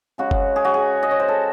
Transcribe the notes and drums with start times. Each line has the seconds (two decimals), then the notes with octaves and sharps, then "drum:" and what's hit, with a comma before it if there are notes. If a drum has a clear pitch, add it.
0.18 C#3 G#3 F#4
0.31 drum: kick F#1
0.56 G#4
0.65 F#4
0.74 G#4
1.03 D#5
1.11 C#5
1.20 C5
1.28 A4